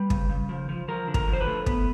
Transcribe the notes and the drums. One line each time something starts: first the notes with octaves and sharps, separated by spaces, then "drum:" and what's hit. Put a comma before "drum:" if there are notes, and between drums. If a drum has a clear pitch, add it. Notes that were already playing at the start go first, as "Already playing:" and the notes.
Already playing: G3 B4
C#3, drum: kick
C#3
F3
F3
F3 A#4
D3
A#4, drum: kick
F3
C5
B4
A3
B3, drum: kick